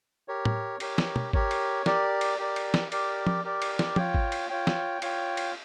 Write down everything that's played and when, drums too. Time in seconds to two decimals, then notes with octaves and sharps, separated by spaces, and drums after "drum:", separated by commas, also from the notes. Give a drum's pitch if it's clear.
0.28 G4 A#4 C#5
0.45 drum: tom A2
0.80 G4 A#4 C#5, drum: cymbal
0.98 drum: snare
1.16 drum: tom
1.33 G4 A#4 C#5, drum: kick G#1
1.51 drum: cymbal
1.86 G4 A#4 D5, drum: snare
2.21 drum: cymbal
2.38 G4 A#4 D5
2.56 drum: cymbal
2.74 drum: snare
2.92 G4 A#4 D5, drum: cymbal
3.27 drum: tom
3.45 G4 A#4 D5
3.62 drum: cymbal
3.79 drum: snare
3.96 F4 C#5 G5, drum: tom
4.14 drum: kick G#1
4.32 drum: cymbal
4.50 F4 C#5 G5
4.67 drum: snare
5.02 F4 C#5 G5, drum: cymbal
5.37 drum: cymbal